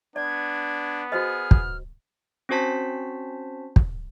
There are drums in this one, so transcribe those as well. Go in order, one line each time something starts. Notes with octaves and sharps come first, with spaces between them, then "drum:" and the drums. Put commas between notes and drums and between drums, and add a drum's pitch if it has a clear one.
B3 D4 D5 G#6
F#4 G#4 C5 D#5 F6
drum: kick
C4 C#4 F#4 C5 A5 B6
drum: kick